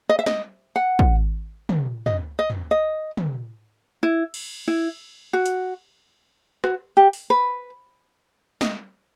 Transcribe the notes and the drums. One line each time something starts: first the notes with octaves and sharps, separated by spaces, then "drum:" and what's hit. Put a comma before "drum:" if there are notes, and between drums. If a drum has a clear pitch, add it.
D#5
E5
D#5, drum: snare
F#5
drum: kick
drum: tom
D#5, drum: tom
D#5
drum: tom
D#5
drum: tom
E4
drum: cymbal
E4
F#4
drum: hi-hat
F#4, drum: rim click
G4
drum: open hi-hat
B4
D#5, drum: snare